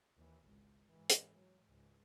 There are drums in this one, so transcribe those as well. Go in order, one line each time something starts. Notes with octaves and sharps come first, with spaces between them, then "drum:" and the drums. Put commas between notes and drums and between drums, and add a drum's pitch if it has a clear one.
D#2 E3
G#1 C#2
G#2 E3
drum: hi-hat
F#3
C#2 G#2